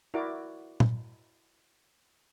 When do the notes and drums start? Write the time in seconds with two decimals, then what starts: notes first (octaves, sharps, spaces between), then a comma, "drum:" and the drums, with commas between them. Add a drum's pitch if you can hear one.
0.14 E4 F#4 A#4 D5 D6
0.80 drum: tom